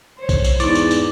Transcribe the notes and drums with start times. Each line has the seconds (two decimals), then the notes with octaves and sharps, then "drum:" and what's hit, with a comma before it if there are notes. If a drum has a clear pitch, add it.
0.18 C5 C#5
0.29 drum: kick B1, tambourine
0.44 drum: tambourine
0.60 E2 G#2 D#4 E4 D5, drum: tambourine
0.75 drum: tambourine
0.91 drum: tambourine